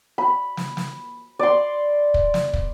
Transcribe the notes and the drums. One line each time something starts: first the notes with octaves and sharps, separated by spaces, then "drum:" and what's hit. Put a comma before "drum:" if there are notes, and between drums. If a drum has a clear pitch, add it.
B5
drum: snare
drum: snare
D5 C6
drum: kick
drum: snare
drum: kick